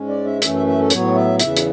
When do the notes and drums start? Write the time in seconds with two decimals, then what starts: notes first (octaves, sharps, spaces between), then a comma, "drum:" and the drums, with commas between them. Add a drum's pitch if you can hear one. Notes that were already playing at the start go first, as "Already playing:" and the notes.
Already playing: G#2 G#3 C#4
0.08 D5
0.25 E5
0.42 F#2 E3 A3 C#4 E5, drum: hi-hat
0.54 E5
0.67 E5
0.78 A4
0.90 A2 F#3 B3 C#5, drum: hi-hat
1.15 E5
1.39 E2 C#3 E3 E5, drum: hi-hat
1.57 drum: hi-hat